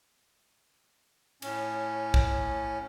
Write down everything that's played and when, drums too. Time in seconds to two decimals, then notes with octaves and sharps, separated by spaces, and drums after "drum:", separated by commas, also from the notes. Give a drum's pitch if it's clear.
1.42 A2 C#4, drum: cymbal
2.14 drum: kick